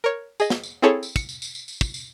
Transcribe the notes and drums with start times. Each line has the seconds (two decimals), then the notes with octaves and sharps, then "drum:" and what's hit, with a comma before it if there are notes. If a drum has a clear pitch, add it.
0.04 A#4 C#5
0.40 G#4 D#5, drum: tambourine
0.50 drum: snare
0.63 drum: tambourine
0.82 C4 E4 G#4 A4 C#5
1.03 drum: tambourine
1.16 C#7, drum: kick, tambourine
1.29 drum: tambourine
1.42 drum: tambourine
1.55 drum: tambourine
1.68 drum: tambourine
1.81 drum: kick, tambourine
1.94 drum: tambourine